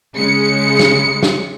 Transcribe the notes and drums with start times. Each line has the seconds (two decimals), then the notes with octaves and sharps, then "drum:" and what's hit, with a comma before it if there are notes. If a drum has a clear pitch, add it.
0.15 C#3 G#3 C#7
0.79 drum: snare
1.23 drum: snare